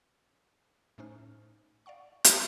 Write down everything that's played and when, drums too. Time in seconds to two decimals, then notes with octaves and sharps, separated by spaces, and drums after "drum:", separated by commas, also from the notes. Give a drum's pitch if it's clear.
0.98 A2 A3 C#4 D#4 C5 F6
1.86 D5 F5 F#5 C#6
2.24 drum: hi-hat